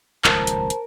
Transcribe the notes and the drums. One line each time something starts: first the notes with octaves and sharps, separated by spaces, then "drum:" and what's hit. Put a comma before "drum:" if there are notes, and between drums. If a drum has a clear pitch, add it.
D#1 C#2 F3 A#4 C5 A5, drum: clap
drum: hi-hat
drum: hi-hat